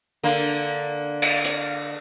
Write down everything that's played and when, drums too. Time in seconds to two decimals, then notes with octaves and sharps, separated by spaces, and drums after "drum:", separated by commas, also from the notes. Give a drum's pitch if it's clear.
0.23 D3 A#3
1.22 drum: cymbal
1.45 drum: hi-hat